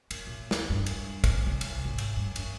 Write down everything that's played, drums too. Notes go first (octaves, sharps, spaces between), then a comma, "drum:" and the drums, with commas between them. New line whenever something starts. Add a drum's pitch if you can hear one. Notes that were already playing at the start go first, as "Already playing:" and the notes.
F#2, drum: cymbal
A#2
C#2, drum: snare
G2
drum: cymbal
drum: kick, cymbal
C2
drum: cymbal
G#1
drum: cymbal
G2
C#4, drum: cymbal